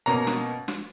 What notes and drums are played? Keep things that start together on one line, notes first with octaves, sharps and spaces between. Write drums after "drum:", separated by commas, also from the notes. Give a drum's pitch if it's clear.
B2 A#3 C#4 A#5
drum: snare
drum: snare